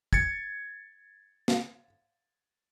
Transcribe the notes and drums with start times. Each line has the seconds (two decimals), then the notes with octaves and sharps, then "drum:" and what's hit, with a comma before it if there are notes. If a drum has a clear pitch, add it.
0.13 G#6 A6 C#7, drum: kick
1.48 drum: snare